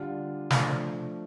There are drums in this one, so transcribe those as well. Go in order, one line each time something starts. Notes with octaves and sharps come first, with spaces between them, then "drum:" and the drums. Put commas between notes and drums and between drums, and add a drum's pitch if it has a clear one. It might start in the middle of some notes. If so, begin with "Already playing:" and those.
Already playing: D3 G3 D4 F4
F3 A3 D4, drum: snare